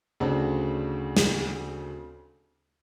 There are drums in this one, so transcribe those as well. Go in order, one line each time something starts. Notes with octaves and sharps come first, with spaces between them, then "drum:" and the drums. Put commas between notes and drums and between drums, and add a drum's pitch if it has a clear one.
D2 C#3 C4 D4
drum: snare